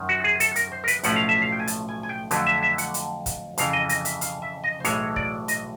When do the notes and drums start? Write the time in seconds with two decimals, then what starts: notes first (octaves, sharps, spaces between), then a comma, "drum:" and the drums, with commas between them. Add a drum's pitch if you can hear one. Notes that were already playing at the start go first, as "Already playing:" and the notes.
Already playing: F#2 D#3
0.09 F#4
0.24 G#4
0.40 A4, drum: hi-hat
0.56 A#4, drum: hi-hat
0.72 C5
0.84 A#4
0.88 B4, drum: hi-hat
1.03 B1 A2 F3 A3 C#4 F#5, drum: hi-hat
1.16 F5
1.29 E5
1.42 F5
1.52 G5
1.60 G#5
1.68 A5, drum: hi-hat
1.89 G#5
2.03 G#5
2.09 G5
2.31 F2 D3 F#3 A3, drum: hi-hat
2.47 E5
2.63 E5
2.78 F#5, drum: hi-hat
2.94 drum: hi-hat
3.26 drum: kick, hi-hat
3.58 F2 C#3 E3 F5, drum: hi-hat
3.73 D#5
3.89 D#5, drum: hi-hat
4.05 E5, drum: hi-hat
4.21 F5, drum: hi-hat
4.42 E5
4.64 D#5
4.80 C5
4.85 B1 A2 E3 G#3 C#5, drum: hi-hat
5.16 D5, drum: kick
5.48 D#5, drum: hi-hat